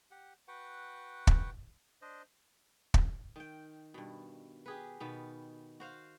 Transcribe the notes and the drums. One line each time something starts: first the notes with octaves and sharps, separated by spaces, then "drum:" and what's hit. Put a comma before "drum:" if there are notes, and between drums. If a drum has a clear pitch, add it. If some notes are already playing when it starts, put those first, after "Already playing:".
G4 F#5
F#4 B4 F#5 G5
drum: kick
D4 C5 D#5
drum: kick
D#3 G5
G2 B2
G4 G#4 B4
B2 D#3 B3
F#4 C5 F5